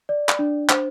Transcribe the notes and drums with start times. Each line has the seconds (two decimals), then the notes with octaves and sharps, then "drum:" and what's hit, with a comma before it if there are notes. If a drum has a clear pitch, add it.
0.09 D5
0.29 drum: clap
0.39 D4
0.69 C5, drum: clap